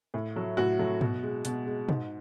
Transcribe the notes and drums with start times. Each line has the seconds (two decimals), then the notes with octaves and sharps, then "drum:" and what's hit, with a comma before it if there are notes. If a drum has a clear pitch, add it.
0.14 A2
0.36 F#3 A3
0.57 A2 F#4
0.79 F#3 A3
1.01 B2, drum: tom
1.23 G#3
1.45 B2, drum: hi-hat
1.66 G#3
1.89 G#2, drum: tom